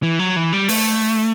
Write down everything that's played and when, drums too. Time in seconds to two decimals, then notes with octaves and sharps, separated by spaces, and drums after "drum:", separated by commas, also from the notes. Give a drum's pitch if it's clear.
0.03 E3
0.19 F#3
0.36 E3
0.53 G3
0.69 A3, drum: open hi-hat